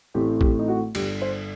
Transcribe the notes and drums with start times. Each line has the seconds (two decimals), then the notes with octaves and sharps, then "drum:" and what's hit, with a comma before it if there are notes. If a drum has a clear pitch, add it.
0.14 A1 A2 A3 C4 G4
0.41 G4, drum: kick
0.59 D#4
0.68 F#4
0.95 G1 G2 D3 G4, drum: cymbal
1.22 C5